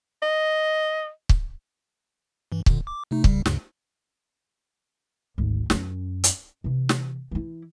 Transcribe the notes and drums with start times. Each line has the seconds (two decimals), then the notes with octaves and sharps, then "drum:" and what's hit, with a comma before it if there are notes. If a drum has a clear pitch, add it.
0.22 D#5
1.29 drum: kick
2.52 G2 E3
2.66 A#2 D3, drum: kick
2.87 D6
3.11 C3 A3 D#4
3.24 C2 C#3 G3, drum: kick
3.46 D2 G2 C#3, drum: snare
5.38 G#1 D2
5.70 F#2 C#4, drum: snare
6.24 drum: hi-hat
6.64 C3 E3
6.89 drum: snare
7.31 E3 E4